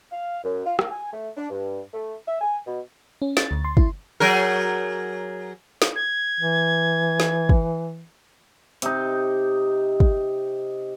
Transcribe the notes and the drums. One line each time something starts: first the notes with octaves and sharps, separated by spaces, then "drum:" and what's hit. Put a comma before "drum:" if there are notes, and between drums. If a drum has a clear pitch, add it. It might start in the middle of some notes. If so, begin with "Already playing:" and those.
F5
F#2
F4
A#3, drum: rim click
G#5
A3
D4
G2
A3
E5
G#5
B2
C#4
A6, drum: snare
D2
C6
E4, drum: kick
F#3 G#4 A#4
drum: snare
G#6
E3
drum: snare
drum: kick
C3 D#4, drum: hi-hat
drum: kick